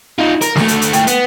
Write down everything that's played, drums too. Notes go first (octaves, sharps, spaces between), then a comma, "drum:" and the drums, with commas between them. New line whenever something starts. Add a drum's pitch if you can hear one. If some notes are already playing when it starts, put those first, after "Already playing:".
D#4 F4
A#4, drum: hi-hat
D2 A3, drum: snare
drum: hi-hat
drum: hi-hat
A3 G5, drum: hi-hat
B3, drum: hi-hat